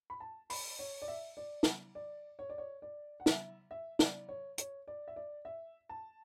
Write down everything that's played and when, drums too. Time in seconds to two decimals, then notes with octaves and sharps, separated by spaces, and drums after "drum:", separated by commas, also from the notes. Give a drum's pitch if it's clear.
0.10 B5
0.20 A5
0.50 B5, drum: open hi-hat
0.79 C#5
1.02 D5
1.08 E5
1.37 D5
1.63 drum: snare
1.95 D5
2.39 C#5
2.50 D5
2.58 C#5
2.82 D5
3.20 F#5
3.26 E5, drum: snare
3.71 E5
3.99 D5, drum: snare
4.29 C#5
4.58 C#5, drum: hi-hat
4.88 D5
5.08 E5
5.16 D5
5.45 E5
5.89 A5